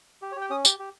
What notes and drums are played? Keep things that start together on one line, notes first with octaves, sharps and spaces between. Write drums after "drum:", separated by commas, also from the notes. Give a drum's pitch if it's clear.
G4
C#5
G4 G5
C#4 D#6
G4, drum: tambourine
G4